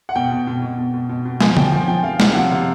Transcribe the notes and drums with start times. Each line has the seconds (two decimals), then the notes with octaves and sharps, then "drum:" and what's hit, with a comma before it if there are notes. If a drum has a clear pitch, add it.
0.09 F#5
0.15 B2 G5
0.32 B2
0.47 B2
0.62 B2
0.78 B2
0.94 B2
1.09 B2
1.25 B2
1.41 F3 G#5, drum: snare
1.57 F3 G5, drum: tom D3
1.72 F3 G#5
1.88 F3 G5
2.04 F3 F5
2.20 C3 F5, drum: snare
2.35 F3 F#5
2.51 C3 F5